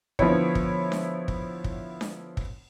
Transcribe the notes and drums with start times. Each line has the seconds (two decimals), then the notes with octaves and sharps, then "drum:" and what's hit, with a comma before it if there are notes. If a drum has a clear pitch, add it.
0.19 D3 F3 B3 E4 C#5, drum: kick
0.55 drum: kick
0.92 drum: snare D4
1.28 drum: kick
1.64 drum: kick
2.01 drum: snare D4
2.37 drum: kick